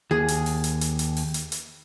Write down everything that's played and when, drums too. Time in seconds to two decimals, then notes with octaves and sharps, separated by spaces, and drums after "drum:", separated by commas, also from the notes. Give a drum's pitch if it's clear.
0.11 D#2 G#4
0.28 drum: hi-hat
0.46 drum: open hi-hat
0.64 drum: hi-hat
0.81 drum: hi-hat
0.99 drum: hi-hat
1.17 drum: open hi-hat
1.34 drum: hi-hat
1.52 drum: hi-hat